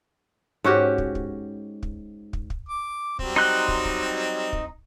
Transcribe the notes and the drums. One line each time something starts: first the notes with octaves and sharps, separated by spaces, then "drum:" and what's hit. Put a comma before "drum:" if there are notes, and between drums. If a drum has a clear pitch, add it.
G#2 C#4 F#4 G4
drum: kick
drum: kick
drum: kick
drum: kick
drum: kick
D6
F#3 G3 C4, drum: kick
D#4 C6 F#6
drum: kick
drum: kick
drum: kick